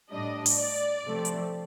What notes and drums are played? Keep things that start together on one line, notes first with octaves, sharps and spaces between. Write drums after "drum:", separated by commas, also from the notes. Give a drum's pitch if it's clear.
A2 G3 D4 D#5
drum: open hi-hat
D5
C3 F3 A3 C4
drum: hi-hat